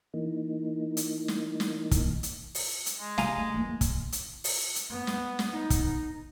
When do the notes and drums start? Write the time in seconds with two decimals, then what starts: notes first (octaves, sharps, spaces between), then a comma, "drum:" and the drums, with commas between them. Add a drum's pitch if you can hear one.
0.14 E3 A#3 D#4
0.97 drum: hi-hat
1.28 drum: snare
1.60 drum: snare
1.91 drum: kick, hi-hat
2.23 drum: hi-hat
2.55 drum: open hi-hat
2.86 drum: hi-hat
2.99 G#3
3.18 C3 F5 G#5 A#5, drum: snare
3.37 A3
3.54 E2 A#3
3.81 drum: kick, hi-hat
4.12 drum: hi-hat
4.44 drum: open hi-hat
4.76 drum: hi-hat
4.91 B3
5.07 drum: snare
5.39 drum: snare
5.53 D#4
5.70 drum: kick, hi-hat